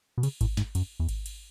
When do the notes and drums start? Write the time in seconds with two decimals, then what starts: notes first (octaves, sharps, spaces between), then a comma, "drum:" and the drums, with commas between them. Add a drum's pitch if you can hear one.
0.18 B2
0.23 C#3, drum: cymbal
0.41 A2, drum: kick G#1, cymbal
0.57 G#2, drum: snare
0.75 F#2, drum: cymbal
1.00 E2
1.09 drum: kick G#1, cymbal
1.26 drum: cymbal